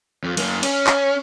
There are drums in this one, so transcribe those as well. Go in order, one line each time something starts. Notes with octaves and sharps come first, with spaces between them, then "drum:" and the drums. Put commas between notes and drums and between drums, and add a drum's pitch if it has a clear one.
F2
F#2 A#3, drum: cymbal
C#4, drum: cymbal
drum: clap